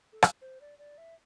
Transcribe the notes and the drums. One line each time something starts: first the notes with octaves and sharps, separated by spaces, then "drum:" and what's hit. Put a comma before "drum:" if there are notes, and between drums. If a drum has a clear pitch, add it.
A4
drum: rim click
C5
D5
D5
E5